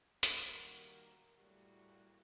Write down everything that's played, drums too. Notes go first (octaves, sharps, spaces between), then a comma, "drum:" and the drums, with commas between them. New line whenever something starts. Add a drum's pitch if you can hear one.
D#3 G3 A#3 F#4 A#4, drum: hi-hat
A2 G3 A#3 F#4